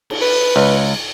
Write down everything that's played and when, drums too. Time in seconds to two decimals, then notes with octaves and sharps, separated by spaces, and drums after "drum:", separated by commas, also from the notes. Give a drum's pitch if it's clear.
0.10 drum: cymbal
0.22 B4
0.56 C#2